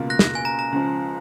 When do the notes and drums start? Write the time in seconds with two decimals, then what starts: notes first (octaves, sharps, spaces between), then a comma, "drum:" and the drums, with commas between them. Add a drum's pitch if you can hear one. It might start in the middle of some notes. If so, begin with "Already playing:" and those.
Already playing: C#2 B2 A#3 F4
0.10 F#6 A#6
0.19 drum: snare
0.35 G#5
0.45 A#5
0.59 A#5
0.72 C#2 C#3 F3